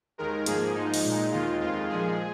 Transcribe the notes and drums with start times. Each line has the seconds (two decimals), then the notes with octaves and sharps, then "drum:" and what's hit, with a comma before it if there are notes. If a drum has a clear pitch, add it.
0.18 D#2 D#3 G#3 A#4
0.46 G#2 F3 A#3 G#4, drum: hi-hat
0.75 G#2 F3 G#3 D#4
0.94 drum: open hi-hat
1.03 A#2 G#3
1.32 D#2 D#3 G#3 F4
1.61 F2 D#3 G#3 F4
1.89 A#2 F3 G#3 G#4